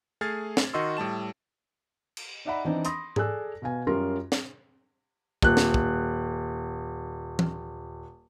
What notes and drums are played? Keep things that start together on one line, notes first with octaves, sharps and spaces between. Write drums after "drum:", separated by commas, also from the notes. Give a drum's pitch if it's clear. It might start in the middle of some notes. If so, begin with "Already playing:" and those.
A3 G#4 F6 G#6 A6 C7
drum: snare
D#3 F#4 D#5 C6 C#6 E6
A2 G3 A5 E7
drum: cymbal
D#4 D5 E5 F#5 A#5 B5
E3 C4 D4 D#4
B5 C6 D#6 A#6, drum: hi-hat
G#4 A4 D5 G#5 E6 F#6, drum: tom G#2
B2 B4 F5 G#5
F#2 G3 C#4 F4 A#4 C6
drum: snare
D#1 F#6, drum: kick
drum: snare
drum: kick
drum: tom E3